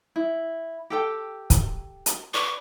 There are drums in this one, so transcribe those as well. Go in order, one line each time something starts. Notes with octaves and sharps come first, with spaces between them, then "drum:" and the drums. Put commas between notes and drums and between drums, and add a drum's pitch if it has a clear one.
E4
G4 A4 G5
drum: kick, hi-hat
drum: hi-hat
B4 D5 C#6